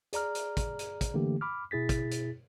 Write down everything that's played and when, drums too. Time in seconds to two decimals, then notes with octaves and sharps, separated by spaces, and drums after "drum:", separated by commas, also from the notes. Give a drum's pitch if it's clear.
0.13 G#4 D5 A#5 F6, drum: hi-hat
0.35 drum: hi-hat
0.57 drum: kick, hi-hat
0.79 drum: hi-hat
1.01 drum: kick, hi-hat
1.14 D3 E3 A3 A#3 G4
1.41 B5 D6 F6
1.71 B2 E4 G#4 A6 B6
1.89 drum: kick, hi-hat
2.11 drum: hi-hat